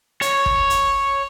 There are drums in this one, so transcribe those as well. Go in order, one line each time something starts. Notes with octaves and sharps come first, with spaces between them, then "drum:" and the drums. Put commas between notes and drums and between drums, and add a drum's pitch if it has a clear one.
C#5, drum: hi-hat
drum: kick
drum: hi-hat